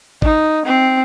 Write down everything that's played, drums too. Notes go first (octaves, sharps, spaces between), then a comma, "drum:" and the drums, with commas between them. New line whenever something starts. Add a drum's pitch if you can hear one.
D#4, drum: kick
C4